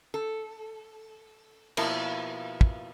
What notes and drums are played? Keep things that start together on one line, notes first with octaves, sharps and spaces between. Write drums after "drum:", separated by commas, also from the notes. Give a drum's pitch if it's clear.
A4
B2 F3 A#3 E4 A5, drum: cymbal
drum: kick